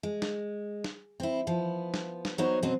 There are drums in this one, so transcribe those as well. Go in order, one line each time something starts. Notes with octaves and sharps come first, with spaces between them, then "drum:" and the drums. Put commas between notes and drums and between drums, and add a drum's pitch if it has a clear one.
G#3
drum: snare
drum: snare
C4 E4
F3 B3
drum: snare
drum: snare
F#3 B3 D#4 F#4 C5 C#5
B2 F#3 C4 C#4 C5 D#5